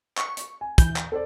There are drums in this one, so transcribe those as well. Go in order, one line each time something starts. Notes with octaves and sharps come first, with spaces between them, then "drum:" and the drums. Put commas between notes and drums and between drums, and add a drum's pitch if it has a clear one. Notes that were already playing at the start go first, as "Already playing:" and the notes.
C#6, drum: clap
drum: hi-hat
G#5
E3 G6, drum: kick, hi-hat
drum: clap
A4 C5 D5